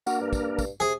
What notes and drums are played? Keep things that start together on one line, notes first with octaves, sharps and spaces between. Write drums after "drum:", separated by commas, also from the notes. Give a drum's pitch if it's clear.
A#3 D4 F#4 A#4, drum: tambourine
G2
drum: kick, tambourine
drum: kick, tambourine
C3 G#4